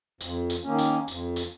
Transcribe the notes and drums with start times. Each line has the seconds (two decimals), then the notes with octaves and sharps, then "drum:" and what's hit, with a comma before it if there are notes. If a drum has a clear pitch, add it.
0.21 F2, drum: tambourine
0.50 drum: tambourine
0.64 D#3 A#3 C#4
0.79 drum: tambourine
1.08 F2, drum: tambourine
1.36 drum: tambourine